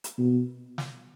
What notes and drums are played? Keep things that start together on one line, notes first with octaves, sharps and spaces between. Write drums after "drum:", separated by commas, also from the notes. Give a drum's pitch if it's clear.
drum: hi-hat
B2
drum: snare